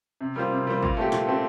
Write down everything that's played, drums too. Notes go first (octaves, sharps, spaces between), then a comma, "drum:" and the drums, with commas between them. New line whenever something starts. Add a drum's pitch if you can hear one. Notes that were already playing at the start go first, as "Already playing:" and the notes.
C3
G3 A#3 F4 C5
C3
G3 A#3 F4 C5
A#2, drum: kick
A3 C4 G4
A#2, drum: snare
A3 C4 G4